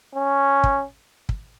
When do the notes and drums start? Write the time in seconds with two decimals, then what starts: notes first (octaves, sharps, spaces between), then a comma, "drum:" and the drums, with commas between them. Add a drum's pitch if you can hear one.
0.15 C#4
0.64 drum: kick
1.29 drum: kick